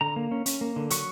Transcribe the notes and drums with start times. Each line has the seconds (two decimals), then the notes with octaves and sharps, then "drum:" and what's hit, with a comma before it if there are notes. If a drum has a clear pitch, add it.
0.01 D3 A#5
0.16 A#3
0.31 C#4
0.46 C#4, drum: hi-hat
0.61 A#3
0.76 D3
0.90 F#3 C#6, drum: hi-hat